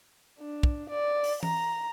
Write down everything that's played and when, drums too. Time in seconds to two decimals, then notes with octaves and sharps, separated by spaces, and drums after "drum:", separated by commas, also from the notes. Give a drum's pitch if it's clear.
0.39 D4
0.63 drum: kick
0.90 D5
1.24 drum: open hi-hat
1.43 A#5, drum: tom E3